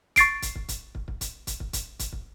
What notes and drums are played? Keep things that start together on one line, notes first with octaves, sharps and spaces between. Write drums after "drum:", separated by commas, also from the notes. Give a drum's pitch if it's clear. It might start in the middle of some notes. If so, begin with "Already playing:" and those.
C#6 A6 C7 D7, drum: kick, hi-hat
drum: kick, hi-hat
drum: kick
drum: kick, hi-hat
drum: kick
drum: kick
drum: kick, hi-hat
drum: kick, hi-hat
drum: kick
drum: kick, hi-hat
drum: kick, hi-hat
drum: kick